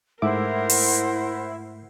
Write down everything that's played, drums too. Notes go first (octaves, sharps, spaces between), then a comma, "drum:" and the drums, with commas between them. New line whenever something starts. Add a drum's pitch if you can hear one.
G#2 A3 E4 A#4 C5 F#5 D6
drum: open hi-hat